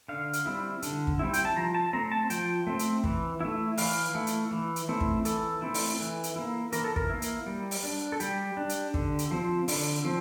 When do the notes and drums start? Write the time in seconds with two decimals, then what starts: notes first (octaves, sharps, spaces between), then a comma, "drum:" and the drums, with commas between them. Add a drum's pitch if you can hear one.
0.08 D3 F5
0.33 drum: hi-hat
0.46 G3 C4 E4
0.82 D3, drum: hi-hat
1.07 drum: kick
1.19 G3 C4 E4
1.33 G5, drum: hi-hat
1.45 A5
1.56 F3 A#5
1.75 A5
1.93 A3 C4 A#5
2.12 A5
2.30 F3 G5, drum: hi-hat
2.67 A3 C4
2.79 drum: hi-hat
3.04 E3, drum: kick
3.40 A3 E4
3.77 E3 F5, drum: open hi-hat
4.14 A3 E4
4.27 drum: hi-hat
4.51 E3
4.76 drum: hi-hat
4.89 A3 C4 E4
5.01 drum: kick
5.25 E3 A4, drum: hi-hat
5.62 A3 C4 E4
5.74 drum: open hi-hat
5.99 E3
6.23 drum: hi-hat
6.36 A#3 E4
6.72 E3 A#4, drum: hi-hat
6.84 A4
6.96 A#4, drum: kick
7.10 A#3 E4
7.22 drum: hi-hat
7.46 G3
7.71 drum: open hi-hat
7.83 D4
8.12 A4
8.20 G3 G4, drum: hi-hat
8.57 D4
8.69 drum: hi-hat
8.94 D3, drum: kick
9.19 drum: hi-hat
9.31 F3 C4
9.68 D3, drum: open hi-hat
10.05 F3 C4